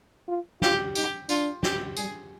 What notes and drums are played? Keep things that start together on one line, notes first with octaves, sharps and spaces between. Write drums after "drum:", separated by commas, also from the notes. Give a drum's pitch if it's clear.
F4
F4 G4, drum: snare
D#4 G4, drum: tambourine
D4 F4, drum: tambourine
G4, drum: snare
G3 G#4, drum: tambourine